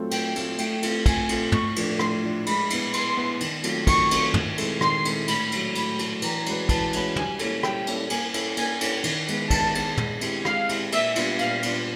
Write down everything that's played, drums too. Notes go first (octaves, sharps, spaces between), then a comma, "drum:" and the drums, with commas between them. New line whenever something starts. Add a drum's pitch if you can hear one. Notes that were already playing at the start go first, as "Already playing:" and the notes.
Already playing: F#3 A3 C4 F4 A4
F#3 G5, drum: cymbal
A3 C4 F4 A4, drum: cymbal
A3 G5, drum: cymbal
C4 F4 A4, drum: cymbal
A3 G#5, drum: kick, cymbal
C4 F4 A4, drum: cymbal
A2 C#6, drum: tom
F3 A3 D4, drum: cymbal
A2 C6, drum: rim click
F3 A3 D4
G#3 B5, drum: cymbal
B3 E4, drum: cymbal
G#3 C6, drum: cymbal
B3 E4
D#3, drum: cymbal
F#3 A3 C4 F4, drum: cymbal
D#3 C#6, drum: kick, cymbal
F#3 A3 C4 F4, drum: cymbal
D#3, drum: tom
G#3 C4 E4 A4, drum: cymbal
D#3 C6, drum: rim click
G#3 C4 E4 A4, drum: cymbal
A2 B5, drum: cymbal
F#3 A3, drum: cymbal
A2 B5, drum: cymbal
F#3 A3, drum: cymbal
E3 A#5, drum: cymbal
G#3 C#4 F#4 B4, drum: cymbal
E3 A5, drum: kick, cymbal
G#3 C#4 F#4 B4, drum: cymbal
G3 G#5, drum: tom
A#3 C#4 E4 A4, drum: cymbal
G3 G5, drum: rim click
A#3 C#4 E4 A4, drum: cymbal
A#3 G#5, drum: cymbal
C#4 E4 A4, drum: cymbal
A#3 G#5, drum: cymbal
C#4 E4 A4, drum: cymbal
D#3, drum: cymbal
G#3 B3, drum: cymbal
D#3 A5, drum: kick, cymbal
G#3 B3, drum: cymbal
G#3, drum: tom
C4 E4 G4, drum: cymbal
G#3 F5, drum: rim click
C4 E4 G4, drum: cymbal
A#2 E5, drum: cymbal
G3 B3 D4 F4, drum: cymbal
A#2 F5, drum: cymbal
G3 B3 D4 F4, drum: cymbal